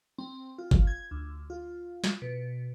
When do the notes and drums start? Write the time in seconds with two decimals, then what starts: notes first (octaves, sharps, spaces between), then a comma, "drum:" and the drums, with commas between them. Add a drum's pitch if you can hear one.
0.18 C4
0.58 F4
0.71 drum: kick F#1
0.87 G#6
1.11 D2
1.50 F4
2.04 drum: snare
2.22 B2